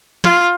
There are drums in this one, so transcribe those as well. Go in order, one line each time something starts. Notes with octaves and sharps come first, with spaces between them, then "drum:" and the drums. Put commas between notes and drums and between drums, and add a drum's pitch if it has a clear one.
F4, drum: snare